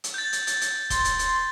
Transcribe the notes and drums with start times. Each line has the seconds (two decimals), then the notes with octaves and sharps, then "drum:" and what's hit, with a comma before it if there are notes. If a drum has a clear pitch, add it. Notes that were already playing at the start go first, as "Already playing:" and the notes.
0.04 drum: hi-hat
0.14 G6 A6
0.33 drum: hi-hat
0.47 drum: hi-hat
0.61 drum: hi-hat
0.90 C6 A6 G7, drum: kick, hi-hat
1.05 drum: hi-hat
1.19 drum: hi-hat